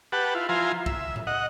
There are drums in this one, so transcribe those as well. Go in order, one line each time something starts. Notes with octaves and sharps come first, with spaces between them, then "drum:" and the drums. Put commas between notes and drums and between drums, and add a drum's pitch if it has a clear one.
G4 B4 F#5 A5
E4 F4
F3 E4 F4 G#5 A#5 C6
E5, drum: kick
drum: tom A2
D#5 F#5